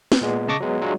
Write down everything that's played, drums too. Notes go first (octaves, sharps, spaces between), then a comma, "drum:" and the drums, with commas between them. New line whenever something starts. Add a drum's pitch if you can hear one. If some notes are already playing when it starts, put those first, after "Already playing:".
drum: snare
A#2 G#3 B3
C#3 D#5 A5 C#6 D6 A#6
F#3 G#3 B3
F#3 G#3 D4 F4 F#4